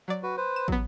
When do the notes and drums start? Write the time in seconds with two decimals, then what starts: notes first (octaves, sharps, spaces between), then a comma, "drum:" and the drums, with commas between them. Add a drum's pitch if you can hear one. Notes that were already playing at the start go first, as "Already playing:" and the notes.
0.08 F#3 D5
0.23 F#4 B4
0.37 B4 C5
0.56 E7
0.68 F#3 B3, drum: kick